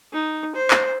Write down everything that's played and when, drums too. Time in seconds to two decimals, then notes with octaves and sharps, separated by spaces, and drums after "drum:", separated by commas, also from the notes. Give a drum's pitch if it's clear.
0.12 D#4
0.55 C5
0.70 drum: clap